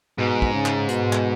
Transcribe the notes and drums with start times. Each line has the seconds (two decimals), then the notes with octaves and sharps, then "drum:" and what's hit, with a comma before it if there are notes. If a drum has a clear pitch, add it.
0.18 G#2 B2
0.42 drum: kick
0.54 C#3
0.66 drum: clap
0.89 B2, drum: hi-hat
1.13 drum: clap